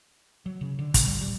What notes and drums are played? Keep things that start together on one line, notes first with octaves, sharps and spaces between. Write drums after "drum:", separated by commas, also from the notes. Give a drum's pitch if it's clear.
F#3
C#3
D3
A#2, drum: kick, hi-hat
G3
G3